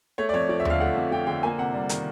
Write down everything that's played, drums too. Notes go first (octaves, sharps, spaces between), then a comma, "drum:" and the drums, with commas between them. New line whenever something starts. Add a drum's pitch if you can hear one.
A3 C#5
D5
F2 C#5
F3 D5
E5
D3 F5, drum: tom D#2
A3 F#5
F2
F3 G5
D3 G5
A#3 G#5
C3 F#5
G3
D#3, drum: hi-hat